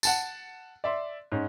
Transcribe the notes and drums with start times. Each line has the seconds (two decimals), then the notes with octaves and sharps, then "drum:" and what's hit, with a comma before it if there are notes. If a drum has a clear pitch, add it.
0.03 F#5 A5 A6, drum: tambourine
0.84 D5 E5 C6
1.32 G#2 C#4